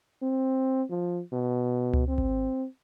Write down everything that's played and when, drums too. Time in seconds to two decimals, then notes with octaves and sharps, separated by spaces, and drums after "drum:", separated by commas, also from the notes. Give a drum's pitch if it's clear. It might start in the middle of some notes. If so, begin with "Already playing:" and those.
0.22 C4
0.90 F3
1.32 B2
1.93 drum: tom C#2
2.08 C4
2.18 drum: kick G#1